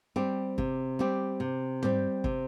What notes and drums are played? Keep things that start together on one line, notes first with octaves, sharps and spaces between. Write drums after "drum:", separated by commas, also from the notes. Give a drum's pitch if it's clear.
G3 C4 G4
C3, drum: kick
G3 C4 G4
C3
G3 C4 G4, drum: tom
C3, drum: kick